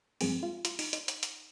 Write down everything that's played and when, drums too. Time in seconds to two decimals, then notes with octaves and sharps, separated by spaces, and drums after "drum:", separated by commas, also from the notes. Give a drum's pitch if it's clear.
0.21 G2 F3 G#3 C4 G#4, drum: open hi-hat
0.43 F4
0.65 F4, drum: hi-hat
0.79 D#4, drum: open hi-hat
0.93 D#4, drum: hi-hat
1.08 drum: hi-hat
1.23 drum: hi-hat